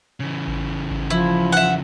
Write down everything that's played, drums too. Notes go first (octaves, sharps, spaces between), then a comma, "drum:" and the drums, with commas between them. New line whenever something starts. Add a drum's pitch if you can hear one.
C#3 E3
drum: kick G#1
drum: kick G#1
F3 E4
E5 F#5